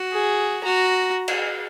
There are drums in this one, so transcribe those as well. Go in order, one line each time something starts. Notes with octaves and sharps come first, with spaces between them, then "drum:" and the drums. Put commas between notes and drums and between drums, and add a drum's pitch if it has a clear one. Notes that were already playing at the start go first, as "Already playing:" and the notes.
Already playing: F#4
G#4
F#4 A#5
drum: cymbal